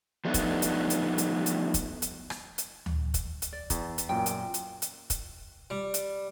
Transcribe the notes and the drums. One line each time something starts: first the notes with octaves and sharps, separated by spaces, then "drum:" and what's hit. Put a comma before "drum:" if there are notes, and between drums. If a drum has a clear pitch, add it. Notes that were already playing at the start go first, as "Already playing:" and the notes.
F3 G3 A3 B3 D4 D#4
drum: kick, hi-hat
drum: hi-hat
drum: hi-hat
drum: hi-hat
drum: hi-hat
drum: kick, hi-hat
drum: hi-hat
drum: rim click
drum: hi-hat
drum: tom D2
drum: kick, hi-hat
drum: hi-hat
D5
E2, drum: kick, hi-hat
drum: hi-hat
F#2 A#2 G5
drum: hi-hat
drum: hi-hat
drum: hi-hat
drum: kick, hi-hat
G3
drum: hi-hat